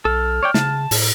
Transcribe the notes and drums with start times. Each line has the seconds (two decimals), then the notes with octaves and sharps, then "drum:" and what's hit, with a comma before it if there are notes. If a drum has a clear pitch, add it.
0.05 B1 A4 F6
0.43 C#5 D5 G5
0.54 C#3 A5, drum: snare
0.91 A2, drum: open hi-hat